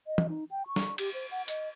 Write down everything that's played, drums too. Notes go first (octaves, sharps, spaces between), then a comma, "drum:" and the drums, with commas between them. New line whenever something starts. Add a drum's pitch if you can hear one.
D#5
drum: tom E3
D#4
G5
C#6
drum: snare
G4, drum: cymbal
C5
F#5
D#5, drum: hi-hat